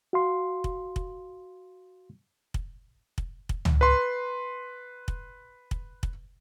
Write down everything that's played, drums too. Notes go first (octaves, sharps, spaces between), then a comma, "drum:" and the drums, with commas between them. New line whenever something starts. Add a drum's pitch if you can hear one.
F#4 F5 C6
drum: kick
drum: kick
drum: kick
drum: kick
drum: kick
drum: tom C#2
B4 C6
drum: kick
drum: kick
drum: kick